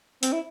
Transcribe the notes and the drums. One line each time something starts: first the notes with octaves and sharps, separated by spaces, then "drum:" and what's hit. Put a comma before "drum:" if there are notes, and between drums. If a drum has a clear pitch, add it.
C4, drum: hi-hat
E4